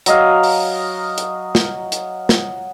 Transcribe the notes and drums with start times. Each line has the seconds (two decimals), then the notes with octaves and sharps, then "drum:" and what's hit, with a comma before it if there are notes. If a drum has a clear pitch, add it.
0.06 F#3 D#5 F5, drum: hi-hat
0.43 drum: open hi-hat
1.18 drum: hi-hat
1.55 drum: snare
1.92 drum: hi-hat
2.29 drum: snare